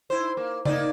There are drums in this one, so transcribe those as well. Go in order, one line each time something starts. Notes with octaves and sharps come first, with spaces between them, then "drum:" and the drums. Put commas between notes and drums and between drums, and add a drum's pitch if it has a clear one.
E4 C5
A#3
A#3 D#4 D5, drum: tom C#3